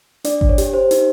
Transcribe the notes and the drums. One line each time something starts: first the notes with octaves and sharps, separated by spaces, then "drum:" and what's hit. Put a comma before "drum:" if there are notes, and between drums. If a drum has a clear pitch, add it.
D4 D5, drum: hi-hat
D4, drum: kick G#1
C#5
G4, drum: hi-hat
G4 C5
D#4, drum: hi-hat